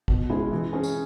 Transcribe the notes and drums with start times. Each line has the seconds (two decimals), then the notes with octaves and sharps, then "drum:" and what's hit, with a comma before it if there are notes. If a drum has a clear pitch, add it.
0.08 B2, drum: kick
0.30 G#3 C#4 E4 G#4
0.51 E3
0.73 C#4 G#4
0.84 drum: tambourine